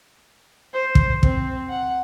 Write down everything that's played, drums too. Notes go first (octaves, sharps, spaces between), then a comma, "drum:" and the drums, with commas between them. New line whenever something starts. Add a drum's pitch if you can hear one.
C5
drum: kick
C4, drum: kick
F#5